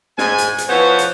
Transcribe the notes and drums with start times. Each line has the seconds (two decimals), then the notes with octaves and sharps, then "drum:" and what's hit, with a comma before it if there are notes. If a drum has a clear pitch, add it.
0.18 G#2 G#5, drum: snare
0.38 drum: hi-hat
0.58 drum: hi-hat
0.69 E3 F3 B3 C5 C#5
0.99 drum: hi-hat